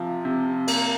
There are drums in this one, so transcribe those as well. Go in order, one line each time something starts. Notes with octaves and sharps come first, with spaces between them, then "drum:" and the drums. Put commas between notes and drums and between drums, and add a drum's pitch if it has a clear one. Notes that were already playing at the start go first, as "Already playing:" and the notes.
Already playing: C3 F3
C3
A#3, drum: cymbal